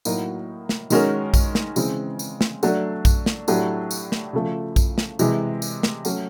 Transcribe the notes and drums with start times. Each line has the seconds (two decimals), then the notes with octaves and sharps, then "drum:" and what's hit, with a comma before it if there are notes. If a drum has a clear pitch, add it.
0.05 A2 F#3 A#3 D#4 F#4, drum: tambourine
0.69 drum: snare
0.90 D#3 G#3 C#4 F#4 A#4, drum: tambourine
1.34 drum: kick A#1, tambourine
1.55 drum: snare
1.76 C#3 E3 G#3 C4, drum: tambourine
2.19 drum: tambourine
2.41 drum: snare
2.63 F#3 A3 D4 F#4 A4, drum: tambourine
3.05 drum: kick A#1, tambourine
3.26 drum: snare
3.48 A2 F#3 A3 D4 G4, drum: tambourine
3.91 drum: tambourine
4.12 drum: snare
4.33 C#3 F3 A3
4.76 drum: kick A#1, tambourine
4.98 drum: snare
5.19 C3 E3 G#3, drum: tambourine
5.62 drum: tambourine
5.83 drum: snare
6.05 F#3 A3 C#4, drum: tambourine